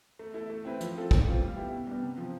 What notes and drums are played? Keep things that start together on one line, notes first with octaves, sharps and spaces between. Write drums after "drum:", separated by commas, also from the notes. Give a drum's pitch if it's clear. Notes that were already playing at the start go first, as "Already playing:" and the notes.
A3
E4 A4
A3
C4 E4 B4
F3, drum: hi-hat
C4 F4 A4
E3, drum: kick
A3 C4 F4
G3
B3 E4 G4
B2
G3 B3 D4
C3
F3 C4